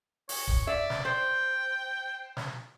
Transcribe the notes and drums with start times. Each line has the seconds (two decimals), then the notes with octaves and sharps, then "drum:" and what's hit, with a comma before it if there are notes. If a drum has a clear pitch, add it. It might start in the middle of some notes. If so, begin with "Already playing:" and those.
0.29 C#5, drum: open hi-hat
0.48 drum: kick
0.67 D5 E5
0.90 drum: snare
1.05 C5 G5
2.37 drum: snare